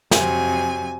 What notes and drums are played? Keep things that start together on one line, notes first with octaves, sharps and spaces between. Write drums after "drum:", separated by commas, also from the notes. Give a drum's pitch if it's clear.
F2 C3 F#3 G#5, drum: snare